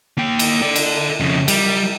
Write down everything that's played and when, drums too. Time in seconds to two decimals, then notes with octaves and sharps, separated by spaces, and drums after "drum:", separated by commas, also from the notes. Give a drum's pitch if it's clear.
0.18 A#3 G5
0.39 drum: cymbal
0.62 A4 D5
0.76 drum: cymbal
1.20 F2 C#3
1.48 G3, drum: cymbal